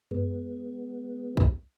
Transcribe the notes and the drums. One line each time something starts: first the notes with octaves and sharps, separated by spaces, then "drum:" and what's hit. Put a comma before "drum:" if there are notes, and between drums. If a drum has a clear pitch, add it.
G#3 B3, drum: tom F#2
drum: kick